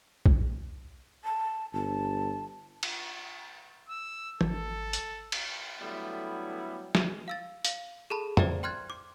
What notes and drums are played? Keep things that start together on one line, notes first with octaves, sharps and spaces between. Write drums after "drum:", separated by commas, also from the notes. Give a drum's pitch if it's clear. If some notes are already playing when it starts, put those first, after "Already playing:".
drum: kick A#1
A5
G1 A5
drum: cymbal
E6
G#1 A4, drum: tom
drum: hi-hat
drum: cymbal
D3 F#3 G3 A3 B3 E4
drum: snare
F5 E6 A6
F5, drum: hi-hat
G#4 A4 A5 B5
C5 D5 E5 G5 A#5, drum: tom F2
G5 C6 F6 F#6 G#6 A6
D6